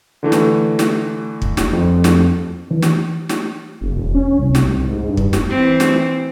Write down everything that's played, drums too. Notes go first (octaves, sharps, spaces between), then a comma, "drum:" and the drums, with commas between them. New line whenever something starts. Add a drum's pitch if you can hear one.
D3 E3 A3
drum: snare
drum: snare
drum: kick
drum: snare
F2
drum: snare
E3
drum: snare
drum: snare
F#1
E1
C#4
C2
drum: snare
C2
G#2
G2
drum: kick
drum: snare
E3 C4
drum: snare